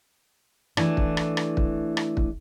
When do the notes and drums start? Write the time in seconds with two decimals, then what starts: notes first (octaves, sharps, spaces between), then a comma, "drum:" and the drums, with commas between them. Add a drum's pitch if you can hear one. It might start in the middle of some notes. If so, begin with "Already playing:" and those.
0.77 E3 A3 D4, drum: rim click
0.97 drum: kick
1.17 drum: rim click
1.37 drum: rim click
1.57 drum: kick
1.97 drum: rim click
2.17 drum: kick